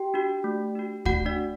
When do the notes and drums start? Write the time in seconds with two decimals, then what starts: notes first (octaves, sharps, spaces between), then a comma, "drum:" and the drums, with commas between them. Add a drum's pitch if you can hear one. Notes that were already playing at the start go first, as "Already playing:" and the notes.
Already playing: G4 G5
0.14 D4 F#4
0.44 A3
0.75 D4 F#4
1.05 A3 F#4 F#5, drum: kick
1.26 D4 D5
1.37 D4